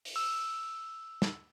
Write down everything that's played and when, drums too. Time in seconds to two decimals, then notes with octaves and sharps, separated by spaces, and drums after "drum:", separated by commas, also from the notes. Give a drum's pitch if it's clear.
0.05 drum: open hi-hat
0.16 E6
1.22 drum: snare